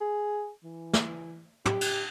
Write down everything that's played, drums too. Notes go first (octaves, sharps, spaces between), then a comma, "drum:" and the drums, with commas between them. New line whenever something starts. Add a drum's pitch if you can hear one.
G#4
E3
drum: snare
G4, drum: tom
drum: cymbal